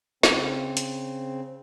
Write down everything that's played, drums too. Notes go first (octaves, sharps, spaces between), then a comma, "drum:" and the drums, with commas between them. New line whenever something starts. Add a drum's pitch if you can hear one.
C#3 C4, drum: snare
drum: hi-hat